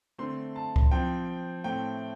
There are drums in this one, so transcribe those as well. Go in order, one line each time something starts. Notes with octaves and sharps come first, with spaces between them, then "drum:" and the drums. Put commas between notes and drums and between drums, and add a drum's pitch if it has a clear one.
D3 A3 C4 C6
A5
drum: kick C#2
F3 C4 G5
A2 A3 C4 G5